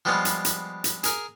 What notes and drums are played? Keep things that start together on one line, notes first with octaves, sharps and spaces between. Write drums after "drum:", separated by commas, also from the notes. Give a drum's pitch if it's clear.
F3 G3 G#3 B3 F4
drum: hi-hat
drum: hi-hat
drum: hi-hat
G#4 A#4 G#5, drum: hi-hat